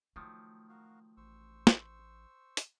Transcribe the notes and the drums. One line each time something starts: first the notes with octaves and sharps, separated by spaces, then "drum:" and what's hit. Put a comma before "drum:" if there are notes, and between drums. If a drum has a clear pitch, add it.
D#3 F3 F#3 A3
F#4 A#4 F5
A1 C5 C#6 E6
drum: snare
drum: hi-hat